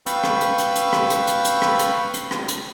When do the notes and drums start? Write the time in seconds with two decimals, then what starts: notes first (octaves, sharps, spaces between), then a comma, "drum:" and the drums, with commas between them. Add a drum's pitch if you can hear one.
0.06 B4 F5 G5 B5 C#6 E6, drum: hi-hat
0.24 drum: rim click
0.41 drum: hi-hat
0.58 drum: hi-hat
0.75 drum: hi-hat
0.93 drum: rim click
1.10 drum: hi-hat
1.27 drum: hi-hat
1.45 drum: hi-hat
1.62 drum: rim click
1.79 drum: hi-hat
2.14 drum: hi-hat
2.31 drum: rim click
2.48 drum: hi-hat